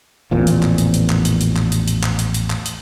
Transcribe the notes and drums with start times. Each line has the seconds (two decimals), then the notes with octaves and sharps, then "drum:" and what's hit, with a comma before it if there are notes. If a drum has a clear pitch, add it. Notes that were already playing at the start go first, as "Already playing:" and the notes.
0.31 A1 E2 A#2 F3
0.47 drum: hi-hat
0.63 drum: clap
0.78 drum: hi-hat
0.94 drum: hi-hat
1.09 drum: clap
1.25 drum: hi-hat
1.41 drum: hi-hat
1.56 drum: clap
1.72 drum: hi-hat
1.88 drum: hi-hat
2.03 drum: clap
2.19 drum: hi-hat
2.34 drum: hi-hat
2.50 drum: clap
2.66 drum: hi-hat